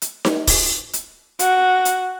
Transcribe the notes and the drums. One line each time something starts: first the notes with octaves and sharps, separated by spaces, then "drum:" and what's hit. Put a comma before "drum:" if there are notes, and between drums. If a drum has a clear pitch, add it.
drum: hi-hat
drum: snare D#4
drum: kick, open hi-hat
drum: hi-hat
F#4, drum: hi-hat
drum: hi-hat